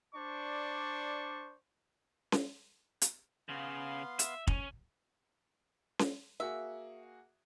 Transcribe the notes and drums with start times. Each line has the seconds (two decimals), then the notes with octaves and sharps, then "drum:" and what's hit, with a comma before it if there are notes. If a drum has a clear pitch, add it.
0.14 D4 C5 D5 C#6
2.32 drum: snare C#4
3.02 drum: hi-hat
3.49 C#3 B3 F5 C6
4.19 E5, drum: hi-hat
4.47 C#4, drum: kick
5.99 drum: snare C#4
6.40 A#3 F#4 G#4 E5